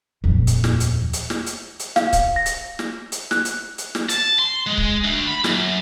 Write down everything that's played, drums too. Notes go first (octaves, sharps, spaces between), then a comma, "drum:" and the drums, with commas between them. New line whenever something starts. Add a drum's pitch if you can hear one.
D#1 F2
drum: hi-hat
drum: snare
drum: hi-hat
drum: hi-hat
drum: snare
drum: hi-hat
drum: hi-hat
F5, drum: snare
drum: kick C#1, hi-hat
A#6
drum: hi-hat
drum: snare
drum: hi-hat
F#6, drum: snare
drum: hi-hat
drum: hi-hat
drum: snare
A5, drum: hi-hat
C6
G#3
drum: kick C#1
D2
B5
F#2, drum: snare